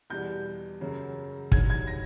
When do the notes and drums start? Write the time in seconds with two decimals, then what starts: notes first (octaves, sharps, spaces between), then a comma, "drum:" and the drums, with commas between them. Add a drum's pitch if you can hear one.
0.10 E2 B2 G3 G6
0.81 F#2 C#3 F#3
1.52 G2 D#3 F#3 G#6, drum: kick
1.70 G#6
1.87 A#6